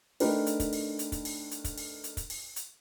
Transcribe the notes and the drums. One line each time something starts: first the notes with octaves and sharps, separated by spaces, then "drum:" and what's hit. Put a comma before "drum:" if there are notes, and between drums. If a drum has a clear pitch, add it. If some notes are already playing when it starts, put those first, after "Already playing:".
A3 D4 D#4 G4 A#4 B4, drum: open hi-hat
drum: hi-hat
drum: kick, hi-hat
drum: open hi-hat
drum: hi-hat
drum: kick, hi-hat
drum: open hi-hat
drum: hi-hat
drum: kick, hi-hat
drum: open hi-hat
drum: hi-hat
drum: kick, hi-hat
drum: open hi-hat
drum: hi-hat